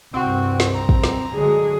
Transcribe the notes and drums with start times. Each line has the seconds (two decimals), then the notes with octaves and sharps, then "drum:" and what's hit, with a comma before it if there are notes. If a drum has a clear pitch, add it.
0.14 C2 G2 C4 F#4
0.60 drum: snare
0.74 A#5
0.89 drum: kick
1.04 drum: snare
1.32 D3 F#3 G#3 G#4